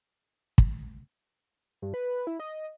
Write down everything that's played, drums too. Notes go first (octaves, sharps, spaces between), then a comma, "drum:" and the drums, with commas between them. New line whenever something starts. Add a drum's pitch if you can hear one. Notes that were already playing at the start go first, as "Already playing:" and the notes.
drum: kick
G2
B4
E4
D#5